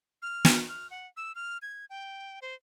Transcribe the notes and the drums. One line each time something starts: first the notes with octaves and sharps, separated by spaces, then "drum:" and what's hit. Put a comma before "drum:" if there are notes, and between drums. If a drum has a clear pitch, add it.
F6
drum: snare
F6
F#5
E6
F6
G#6
G5
C5